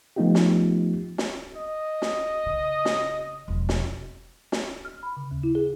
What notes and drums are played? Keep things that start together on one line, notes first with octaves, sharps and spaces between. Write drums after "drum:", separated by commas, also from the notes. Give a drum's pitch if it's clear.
F3 A3 B3 D#4 F4 G4
drum: snare
drum: snare
D#5
drum: snare
C#3
drum: snare
E1 F3
drum: snare
drum: snare
F6
B5
C#3
D#2
E4
G#4